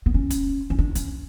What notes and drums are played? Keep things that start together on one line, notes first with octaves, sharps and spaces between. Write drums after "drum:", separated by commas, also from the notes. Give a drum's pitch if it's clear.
B3
C#4
drum: kick, hi-hat
C#4
D4
C#4, drum: hi-hat